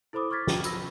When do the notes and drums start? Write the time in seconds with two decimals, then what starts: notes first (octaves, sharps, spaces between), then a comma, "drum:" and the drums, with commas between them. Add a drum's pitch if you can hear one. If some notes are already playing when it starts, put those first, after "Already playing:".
0.13 E4 A4 C5 B5 D6 D#6
0.30 C#6 D6 F6 G#6 A6 B6
0.47 G5, drum: snare
0.64 B5 E6 A#6, drum: tambourine